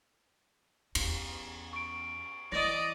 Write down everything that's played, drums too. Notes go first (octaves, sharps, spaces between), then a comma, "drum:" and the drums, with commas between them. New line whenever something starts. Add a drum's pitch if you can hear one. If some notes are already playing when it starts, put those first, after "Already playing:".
E2 C#4, drum: cymbal
C#6 D7
E3 D5 D#5 D#6 A6 A#6